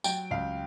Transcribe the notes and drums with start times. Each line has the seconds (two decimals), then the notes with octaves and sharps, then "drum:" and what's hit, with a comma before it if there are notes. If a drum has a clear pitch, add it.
0.04 F#3 G5, drum: tambourine
0.31 C#2 F5